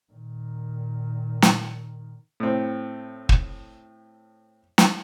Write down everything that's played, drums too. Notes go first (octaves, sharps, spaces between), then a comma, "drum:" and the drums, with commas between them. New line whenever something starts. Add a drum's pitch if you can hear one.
A#2 D#3
drum: snare
A2 C4
drum: kick
drum: snare